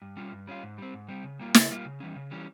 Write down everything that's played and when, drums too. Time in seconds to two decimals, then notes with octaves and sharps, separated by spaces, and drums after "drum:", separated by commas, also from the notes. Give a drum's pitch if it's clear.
0.02 G2
0.17 G3 C#4 F4
0.32 G2
0.47 G3 C#4 F4
0.63 G#2
0.78 G3 C4
0.94 G#2
1.08 G3 C4
1.24 C#3
1.39 G3 A#3 F4
1.54 C#3, drum: snare
1.70 G3 A#3 F4
1.85 C#3
2.00 E3 G3 C#4
2.16 C#3
2.31 E3 G3 C#4